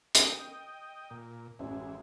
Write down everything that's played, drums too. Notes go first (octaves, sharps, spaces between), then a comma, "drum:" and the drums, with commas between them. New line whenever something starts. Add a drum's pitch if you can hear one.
D#5 G5, drum: hi-hat
A#2
A1 F#2 E3 G#3